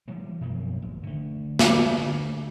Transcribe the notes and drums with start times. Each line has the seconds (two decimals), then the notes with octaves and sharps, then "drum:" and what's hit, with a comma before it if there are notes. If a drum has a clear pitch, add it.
0.08 E3 G3 G#3
0.41 F#2 B2 F3 A#3
0.82 G#1
1.03 D3 A3
1.59 drum: snare
1.98 D3 A3